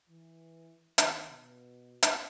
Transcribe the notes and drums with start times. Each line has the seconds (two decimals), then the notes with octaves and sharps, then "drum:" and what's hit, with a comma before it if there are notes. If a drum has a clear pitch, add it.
0.08 E3
0.98 D#3, drum: hi-hat
1.28 B2
2.03 drum: hi-hat